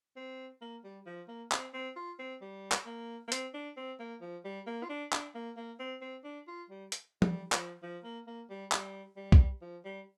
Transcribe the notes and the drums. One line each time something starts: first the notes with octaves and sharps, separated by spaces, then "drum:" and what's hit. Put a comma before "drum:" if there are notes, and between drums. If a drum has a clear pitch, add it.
C4
A#3
G3
F3
A#3
C4, drum: clap
C4
F4
C4
G3
drum: clap
A#3
A#3
C4, drum: hi-hat
D4
C4
A#3
F3
G3
A#3
F4
D4
D4, drum: clap
A#3
A#3
C4
C4
D4
F4
G3
drum: hi-hat
G3, drum: tom
F3, drum: clap
F3
A#3
A#3
G3
G3, drum: clap
G3
drum: kick B1
F3
G3